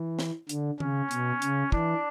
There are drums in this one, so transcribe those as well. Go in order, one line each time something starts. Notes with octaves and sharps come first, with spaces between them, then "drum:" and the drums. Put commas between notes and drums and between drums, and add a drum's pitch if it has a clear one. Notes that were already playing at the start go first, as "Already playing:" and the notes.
Already playing: E3
drum: snare
D3, drum: hi-hat
C#3 C#4, drum: tom D#3
B2, drum: hi-hat
C#3, drum: hi-hat
E3 D4, drum: kick